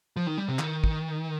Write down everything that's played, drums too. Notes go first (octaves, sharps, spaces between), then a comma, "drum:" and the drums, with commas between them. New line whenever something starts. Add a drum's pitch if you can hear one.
F3
D#3
G3
C3
D#3, drum: clap
drum: kick